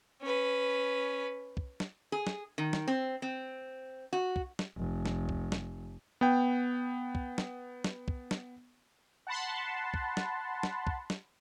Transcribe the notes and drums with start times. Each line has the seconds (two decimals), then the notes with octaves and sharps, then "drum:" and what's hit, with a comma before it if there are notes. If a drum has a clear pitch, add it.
0.22 C#4 B4
1.57 drum: kick
1.80 drum: snare
2.12 G#4
2.27 drum: snare
2.58 D#3
2.73 drum: snare
2.88 C4
3.22 C4
4.13 F#4
4.36 drum: kick
4.59 drum: snare
4.76 F1
5.06 drum: snare
5.29 drum: kick
5.52 drum: snare
6.21 B3 G5
7.15 drum: kick
7.38 drum: snare
7.84 drum: snare
8.08 drum: kick
8.31 drum: snare
9.27 F#5 A5 B5 C6
9.94 drum: kick
10.17 drum: snare
10.63 drum: snare
10.87 drum: kick
11.10 drum: snare